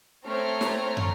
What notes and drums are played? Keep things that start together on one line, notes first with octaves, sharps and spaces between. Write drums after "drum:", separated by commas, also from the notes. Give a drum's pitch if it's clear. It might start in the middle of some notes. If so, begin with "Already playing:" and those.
A3 C4 C#5 A#5 F6
drum: snare
drum: tom